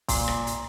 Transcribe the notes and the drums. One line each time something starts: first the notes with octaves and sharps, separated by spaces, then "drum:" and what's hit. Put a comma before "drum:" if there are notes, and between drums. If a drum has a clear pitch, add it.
A#2, drum: kick, open hi-hat
drum: rim click
drum: hi-hat